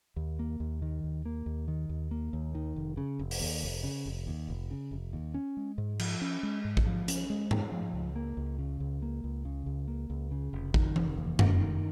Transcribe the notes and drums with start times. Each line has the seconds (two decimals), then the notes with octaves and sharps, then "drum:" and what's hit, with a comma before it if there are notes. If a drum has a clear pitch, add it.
0.16 D#2
0.39 A#3
0.60 D#2
0.82 D#3
1.04 D#2
1.26 A#3
1.46 D#2
1.68 D#3
1.89 D#2
2.11 A#3
2.33 D#2
2.55 D#3
2.76 F1
2.97 C#3
3.19 F1
3.31 drum: open hi-hat
3.40 D#2
3.63 F1
3.84 C#3
4.06 F1
4.27 D#2
4.48 F1
4.71 C#3
4.91 F1
5.13 D#2
5.34 C#4
5.57 G#3
5.78 G#2
5.99 F3, drum: cymbal
6.21 C#4
6.43 G#3
6.65 G#2
6.77 drum: kick A1
6.86 F3
7.08 C#4, drum: hi-hat
7.30 G#3
7.51 G#2, drum: tom G#2
7.72 F3
7.94 C#2
8.16 A#3
8.37 C#2
8.59 C#3
8.80 C#2
9.02 A#3
9.24 C#2
9.45 C#3
9.66 C#2
9.88 A#3
10.10 C#2
10.31 C#3
10.53 F1
10.74 D#3, drum: kick A1
10.96 F1, drum: tom E3
11.17 D#2
11.39 F1, drum: tom F#2
11.61 D#3